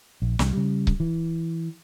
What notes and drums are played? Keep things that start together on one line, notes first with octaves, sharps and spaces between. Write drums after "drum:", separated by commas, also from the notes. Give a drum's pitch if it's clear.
A#1
C2, drum: snare
C#3 G3
drum: kick C#1
E3